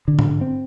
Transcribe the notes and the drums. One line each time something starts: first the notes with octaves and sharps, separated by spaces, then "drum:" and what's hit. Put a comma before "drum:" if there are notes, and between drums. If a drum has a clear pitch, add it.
D3
drum: tom G#2
C4